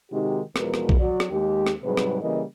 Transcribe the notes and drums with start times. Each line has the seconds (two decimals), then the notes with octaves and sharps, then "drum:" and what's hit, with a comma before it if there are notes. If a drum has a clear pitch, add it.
0.12 C3 D#3 G#3 D#4 F#4 G4
0.56 E2 B2 F3 G#3 A#4 B4, drum: rim click
0.74 drum: rim click
0.89 drum: kick B1
1.00 F#3 D5
1.20 drum: rim click
1.31 D#2 G#3 G4
1.66 drum: rim click
1.83 G#2 C3 F#3 G3 G#4 B4
1.97 drum: rim click
2.22 C#3 E3 G3 A#3 A#4 D#5